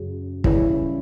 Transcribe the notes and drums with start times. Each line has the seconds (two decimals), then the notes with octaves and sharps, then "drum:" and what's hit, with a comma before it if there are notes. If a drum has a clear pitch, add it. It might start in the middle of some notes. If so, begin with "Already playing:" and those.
Already playing: F#2 C#3 F#3
0.44 C#3 E3 G3 C#4 E4, drum: kick